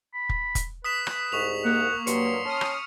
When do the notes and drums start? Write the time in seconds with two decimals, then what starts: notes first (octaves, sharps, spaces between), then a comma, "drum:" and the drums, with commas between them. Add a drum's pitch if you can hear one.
0.14 B5
0.29 drum: kick
0.55 drum: kick, hi-hat
0.84 B4 D#6 B6 E7
1.07 drum: rim click
1.32 C2 G#2 C#6 F7
1.65 A#3 F#5
2.07 G2 F#3 C6 C#7, drum: hi-hat
2.46 C#4 A5 D#6 F6
2.61 drum: rim click